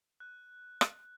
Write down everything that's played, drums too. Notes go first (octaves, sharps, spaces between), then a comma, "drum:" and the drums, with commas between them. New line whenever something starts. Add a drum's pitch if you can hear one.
F#6
drum: rim click